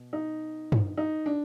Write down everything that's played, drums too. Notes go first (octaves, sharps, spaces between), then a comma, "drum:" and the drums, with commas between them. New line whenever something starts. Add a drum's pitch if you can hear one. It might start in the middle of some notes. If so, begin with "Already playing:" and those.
Already playing: B2
D#4
drum: tom G2
D#4
D4